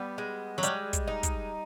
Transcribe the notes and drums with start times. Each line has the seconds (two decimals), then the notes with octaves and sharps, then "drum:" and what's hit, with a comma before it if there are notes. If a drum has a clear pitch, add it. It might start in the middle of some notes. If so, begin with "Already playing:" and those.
Already playing: G3 B3
0.18 G#3
0.58 F#3
0.63 G3 G#3, drum: hi-hat
0.93 drum: kick, hi-hat
1.08 D#4
1.23 drum: kick, hi-hat